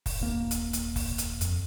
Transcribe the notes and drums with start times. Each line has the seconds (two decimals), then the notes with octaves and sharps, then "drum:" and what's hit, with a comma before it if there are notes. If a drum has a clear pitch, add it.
0.06 drum: kick, open hi-hat
0.20 D#1 G#1 A#3
0.51 drum: hi-hat
0.73 drum: hi-hat
0.96 drum: kick, open hi-hat
1.18 drum: hi-hat
1.41 F2, drum: hi-hat